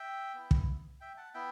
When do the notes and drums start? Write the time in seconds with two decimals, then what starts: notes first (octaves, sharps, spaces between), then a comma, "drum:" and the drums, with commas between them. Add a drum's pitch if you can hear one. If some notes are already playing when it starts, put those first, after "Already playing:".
Already playing: E5 G5
0.34 B3 E4
0.51 drum: kick
1.01 E5 G5
1.17 F#5 A5
1.34 B3 E4 E5 G5